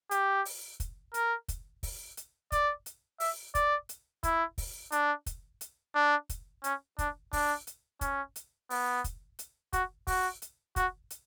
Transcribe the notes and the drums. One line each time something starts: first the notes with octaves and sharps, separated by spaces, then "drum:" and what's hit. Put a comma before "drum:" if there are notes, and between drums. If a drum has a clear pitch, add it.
G4, drum: hi-hat
drum: open hi-hat
drum: kick, hi-hat
A#4, drum: hi-hat
drum: kick, hi-hat
drum: kick, open hi-hat
drum: hi-hat
D5, drum: kick, hi-hat
drum: hi-hat
E5, drum: open hi-hat
D5, drum: kick, hi-hat
drum: hi-hat
E4, drum: kick, hi-hat
drum: kick, open hi-hat
D4, drum: hi-hat
drum: kick, hi-hat
drum: hi-hat
D4
drum: kick, hi-hat
C#4, drum: hi-hat
D4, drum: kick, hi-hat
D4, drum: kick, open hi-hat
drum: hi-hat
C#4, drum: kick, hi-hat
drum: hi-hat
B3, drum: open hi-hat
drum: kick, hi-hat
drum: hi-hat
F#4, drum: kick, hi-hat
F#4, drum: kick, open hi-hat
drum: hi-hat
F#4, drum: kick, hi-hat
drum: hi-hat